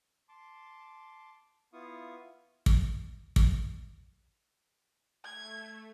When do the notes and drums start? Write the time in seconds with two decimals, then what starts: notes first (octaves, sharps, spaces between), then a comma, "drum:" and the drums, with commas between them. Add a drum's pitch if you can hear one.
0.29 A5 C6 D6
1.73 B3 E4 F4 F5 C#6 D#6
2.66 drum: kick
3.36 drum: kick
5.24 A3 G#6